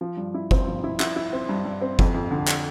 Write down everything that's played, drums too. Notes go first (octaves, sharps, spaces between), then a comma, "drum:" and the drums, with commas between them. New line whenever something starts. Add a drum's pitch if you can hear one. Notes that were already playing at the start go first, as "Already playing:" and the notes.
F3
G2
E4
C4, drum: kick F#1
F3
E4
E4, drum: clap
E4
C4
G2
G2
C4
F2, drum: kick F#1
F2
D3
drum: clap